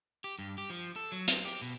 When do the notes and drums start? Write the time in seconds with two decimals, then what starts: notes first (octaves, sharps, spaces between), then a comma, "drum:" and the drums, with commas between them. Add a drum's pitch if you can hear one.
0.24 G4
0.39 G2
0.58 G4
0.70 F3
0.96 A4
1.12 F#3
1.28 C4, drum: hi-hat
1.45 G4
1.62 B2